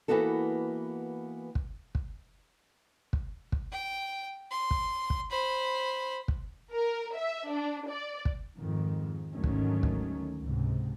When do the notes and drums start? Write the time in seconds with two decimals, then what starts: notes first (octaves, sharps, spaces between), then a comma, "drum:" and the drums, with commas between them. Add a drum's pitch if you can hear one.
0.08 E3 F#3 A#3 B3 F#4 A4
1.55 drum: kick
1.95 drum: kick
3.13 drum: kick
3.52 drum: kick
3.71 G5
4.51 C6
4.71 drum: kick
5.10 drum: kick
5.30 C5 B5
6.28 drum: kick
6.75 A#4
7.16 E5
7.50 D4
7.90 D5
8.25 drum: kick
8.58 F2 G#2 D#3
9.32 D2 G#2 D#3 F#3 A3 C#4
9.44 drum: kick
9.83 drum: kick
10.41 C#2 G#2 C3